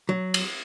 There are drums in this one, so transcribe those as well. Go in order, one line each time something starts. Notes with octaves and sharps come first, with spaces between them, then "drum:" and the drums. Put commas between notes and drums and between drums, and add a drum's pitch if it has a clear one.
F#3
drum: cymbal